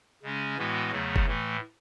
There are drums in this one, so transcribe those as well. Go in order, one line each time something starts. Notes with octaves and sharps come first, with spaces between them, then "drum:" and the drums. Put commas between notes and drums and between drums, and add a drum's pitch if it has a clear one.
C#3 G#3 C#4
A2 E3 G#3 B3 F#4
E2 C#3 F#3 A3
drum: kick F#1
A2 E3 A3